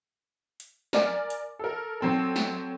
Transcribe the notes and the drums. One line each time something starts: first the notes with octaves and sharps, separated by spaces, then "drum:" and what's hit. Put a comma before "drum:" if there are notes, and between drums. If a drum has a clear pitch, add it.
drum: hi-hat
A#4 D5 G#5, drum: snare
drum: hi-hat
A4 A#4
F#3 C4 A4
drum: snare